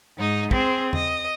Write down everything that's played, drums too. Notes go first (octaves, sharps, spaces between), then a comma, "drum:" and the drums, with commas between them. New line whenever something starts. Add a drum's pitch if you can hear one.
G#2 D#4 D#5
C4 G#4 C5, drum: kick
D#5, drum: tom E2